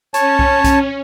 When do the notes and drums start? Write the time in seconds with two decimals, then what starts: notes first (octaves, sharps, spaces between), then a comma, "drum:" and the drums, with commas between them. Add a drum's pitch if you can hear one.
0.14 C#4 C#5 A5, drum: hi-hat
0.39 drum: kick B1
0.64 drum: kick B1, hi-hat